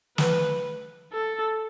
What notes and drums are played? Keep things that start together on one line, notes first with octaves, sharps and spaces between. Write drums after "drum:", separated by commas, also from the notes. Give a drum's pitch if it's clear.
B4, drum: snare
A4